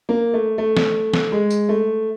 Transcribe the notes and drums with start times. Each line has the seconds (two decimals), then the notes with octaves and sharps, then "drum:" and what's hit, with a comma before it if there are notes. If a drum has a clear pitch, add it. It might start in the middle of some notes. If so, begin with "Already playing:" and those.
0.09 A#3
0.34 A3
0.58 A3
0.77 drum: snare
1.14 drum: snare
1.32 G#3
1.50 drum: tambourine
1.69 A3